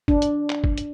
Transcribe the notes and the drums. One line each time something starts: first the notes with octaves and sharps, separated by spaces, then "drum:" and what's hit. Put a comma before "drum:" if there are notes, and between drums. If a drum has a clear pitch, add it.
D4, drum: kick
drum: hi-hat
drum: clap
drum: kick
drum: hi-hat